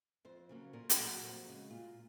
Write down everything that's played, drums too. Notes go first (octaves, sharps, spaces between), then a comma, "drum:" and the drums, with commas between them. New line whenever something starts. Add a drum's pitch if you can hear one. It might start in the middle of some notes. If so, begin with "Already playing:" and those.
F2 C5
C#3 F#3 A#3
A#2 A#4
G#4, drum: hi-hat
F#3 A#3
F#4
F2
C#3 G#3
A#2 F4